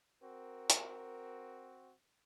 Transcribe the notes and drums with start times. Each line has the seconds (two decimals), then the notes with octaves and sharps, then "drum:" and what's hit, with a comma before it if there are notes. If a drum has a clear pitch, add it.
0.23 C4 F#4 A#4
0.70 drum: hi-hat